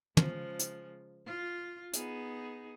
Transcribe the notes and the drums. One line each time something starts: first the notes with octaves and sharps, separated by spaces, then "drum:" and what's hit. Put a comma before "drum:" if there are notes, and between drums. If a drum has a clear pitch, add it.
C#3 F3 G#3, drum: tom
drum: hi-hat
F4
B3 D#4 G#4, drum: hi-hat